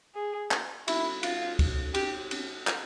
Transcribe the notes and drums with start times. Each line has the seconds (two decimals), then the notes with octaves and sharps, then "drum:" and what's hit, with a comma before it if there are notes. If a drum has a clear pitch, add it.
0.15 G#4
0.51 drum: clap
0.88 E4, drum: cymbal
1.23 F4, drum: cymbal
1.59 drum: kick, cymbal
1.94 G4, drum: cymbal
2.31 drum: cymbal
2.67 drum: clap